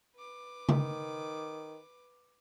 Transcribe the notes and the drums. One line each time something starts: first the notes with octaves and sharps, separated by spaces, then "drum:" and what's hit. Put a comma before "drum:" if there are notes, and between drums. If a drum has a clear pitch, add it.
B4 D6
D#3, drum: tom C#3